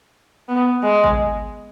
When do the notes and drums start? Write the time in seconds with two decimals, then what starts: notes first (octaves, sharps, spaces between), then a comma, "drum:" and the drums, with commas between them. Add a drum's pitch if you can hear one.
0.49 B3
0.83 G#3
1.04 drum: kick